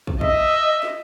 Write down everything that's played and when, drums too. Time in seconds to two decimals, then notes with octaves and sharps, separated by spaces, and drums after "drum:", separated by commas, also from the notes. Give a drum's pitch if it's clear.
0.07 drum: kick
0.21 D#5 E5, drum: kick
0.83 drum: snare